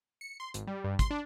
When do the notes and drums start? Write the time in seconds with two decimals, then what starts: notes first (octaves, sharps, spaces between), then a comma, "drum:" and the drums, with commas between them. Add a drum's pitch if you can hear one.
0.21 C#7
0.40 C6
0.54 G#1, drum: hi-hat
0.67 G3
0.84 G2
0.99 C6, drum: kick, hi-hat
1.10 D4